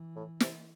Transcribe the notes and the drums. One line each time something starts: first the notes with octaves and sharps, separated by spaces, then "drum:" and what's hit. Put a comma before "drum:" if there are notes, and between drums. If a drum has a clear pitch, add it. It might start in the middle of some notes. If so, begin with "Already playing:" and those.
Already playing: E3
A2
C3, drum: snare